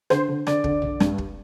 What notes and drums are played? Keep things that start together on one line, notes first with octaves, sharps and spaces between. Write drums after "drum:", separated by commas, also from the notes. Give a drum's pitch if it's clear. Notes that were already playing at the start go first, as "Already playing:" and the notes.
D3 C5, drum: rim click
D3
D3 D5, drum: rim click
D3, drum: kick
D3, drum: tom A#1
G2, drum: rim click
drum: kick